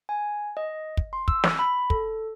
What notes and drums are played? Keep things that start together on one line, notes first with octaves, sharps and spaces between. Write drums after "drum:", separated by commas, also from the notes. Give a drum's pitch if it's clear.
G#5
D#5
drum: kick
C6
E6, drum: kick
drum: snare
B5
A4, drum: kick